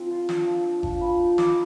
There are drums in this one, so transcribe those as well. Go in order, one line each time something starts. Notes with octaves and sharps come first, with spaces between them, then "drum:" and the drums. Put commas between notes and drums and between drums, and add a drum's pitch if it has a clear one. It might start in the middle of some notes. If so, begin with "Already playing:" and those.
Already playing: F3 C4 D#4 F5
F4
D4 G5, drum: snare
F3
D4
F3, drum: kick G1
F3 B5
D#4
D#4 D6, drum: snare